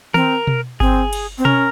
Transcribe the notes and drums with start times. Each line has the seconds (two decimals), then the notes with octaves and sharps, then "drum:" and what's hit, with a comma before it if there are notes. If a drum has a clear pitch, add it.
0.14 C4 A#4, drum: tom D#3
0.47 drum: tom B2
0.80 C4 G#4, drum: kick G1
1.13 drum: cymbal
1.38 C4
1.45 C#4 A#4, drum: tom B2